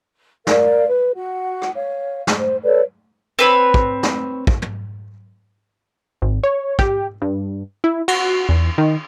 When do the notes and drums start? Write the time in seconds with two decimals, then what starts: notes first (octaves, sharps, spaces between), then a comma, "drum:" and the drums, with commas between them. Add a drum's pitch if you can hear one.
0.47 A#4 D5 F5, drum: snare
0.87 B4
1.15 F#4 F#5
1.62 drum: rim click
1.74 C#5 F5
2.27 drum: snare
2.39 C5
2.63 A4 B4 C#5 D5
3.39 C4 B4 C#5
3.74 drum: kick
4.03 drum: snare
4.47 drum: kick
4.62 drum: tom
6.22 G#1
6.43 C#5
6.79 G4, drum: kick
7.22 G2
7.84 E4
8.08 F#4, drum: cymbal
8.49 E2
8.78 D#3